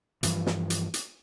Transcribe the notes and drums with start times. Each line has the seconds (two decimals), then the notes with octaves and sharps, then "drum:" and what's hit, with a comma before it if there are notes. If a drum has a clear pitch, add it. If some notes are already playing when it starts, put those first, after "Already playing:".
0.23 G2 E3 F3, drum: hi-hat
0.46 drum: snare
0.70 drum: hi-hat
0.94 drum: hi-hat